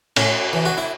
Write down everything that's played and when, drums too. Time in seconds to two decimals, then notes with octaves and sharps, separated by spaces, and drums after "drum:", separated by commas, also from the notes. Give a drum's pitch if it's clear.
0.16 A2 C#4, drum: cymbal
0.53 E3
0.65 F#4
0.78 E4